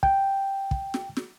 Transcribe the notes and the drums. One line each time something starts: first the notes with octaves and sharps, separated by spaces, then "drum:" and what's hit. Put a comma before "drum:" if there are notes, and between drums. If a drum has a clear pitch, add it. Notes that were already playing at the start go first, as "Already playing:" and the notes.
G5, drum: kick
drum: kick
drum: snare
drum: snare